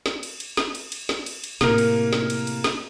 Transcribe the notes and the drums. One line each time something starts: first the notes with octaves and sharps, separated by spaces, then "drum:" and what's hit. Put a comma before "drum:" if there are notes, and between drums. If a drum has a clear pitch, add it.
drum: snare
drum: cymbal
drum: cymbal
drum: snare
drum: cymbal
drum: cymbal
drum: snare
drum: cymbal
drum: cymbal
A2 C3 A#3 A#4, drum: snare
drum: cymbal
drum: snare
drum: cymbal
drum: cymbal
drum: snare